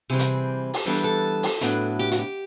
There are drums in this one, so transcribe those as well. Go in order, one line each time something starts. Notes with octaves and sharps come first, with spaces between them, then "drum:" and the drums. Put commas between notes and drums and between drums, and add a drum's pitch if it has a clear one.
C3 E3 G3 C4 G#4
drum: hi-hat
drum: open hi-hat
E3 G3 B3 D4 A4
A4
drum: open hi-hat
A2 F#3 B3 D4, drum: hi-hat
G4
F#4, drum: hi-hat
G4